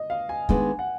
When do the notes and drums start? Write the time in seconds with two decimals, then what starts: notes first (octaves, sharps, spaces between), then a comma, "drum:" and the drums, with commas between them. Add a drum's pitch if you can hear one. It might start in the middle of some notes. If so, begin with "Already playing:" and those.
Already playing: D#5
0.10 F5
0.29 G#5
0.49 D#3 G#3 B3 D4 G#5, drum: kick
0.79 F#5